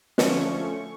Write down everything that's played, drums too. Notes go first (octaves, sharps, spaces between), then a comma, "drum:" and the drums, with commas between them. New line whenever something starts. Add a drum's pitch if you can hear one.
D3 F3 A3 C#4 C#6, drum: snare